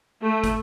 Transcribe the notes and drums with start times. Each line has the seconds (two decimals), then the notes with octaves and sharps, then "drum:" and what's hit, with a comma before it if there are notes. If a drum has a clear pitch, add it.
0.21 A3
0.44 drum: kick, hi-hat